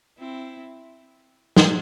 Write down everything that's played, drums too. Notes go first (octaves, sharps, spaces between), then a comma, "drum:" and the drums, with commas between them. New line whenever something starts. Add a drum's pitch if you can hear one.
C4 E4
drum: snare